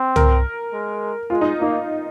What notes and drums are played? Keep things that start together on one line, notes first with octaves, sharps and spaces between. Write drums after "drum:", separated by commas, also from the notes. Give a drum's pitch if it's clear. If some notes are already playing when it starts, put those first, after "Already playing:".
Already playing: C4
A#4, drum: tom
G#3
G#3 F4
D#4
A#3 D#4